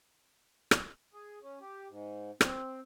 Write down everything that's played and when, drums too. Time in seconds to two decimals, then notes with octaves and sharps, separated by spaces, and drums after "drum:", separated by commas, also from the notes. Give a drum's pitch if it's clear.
0.71 drum: rim click
1.13 G#4
1.42 C#4
1.61 G4
1.89 G#2
2.41 C4, drum: rim click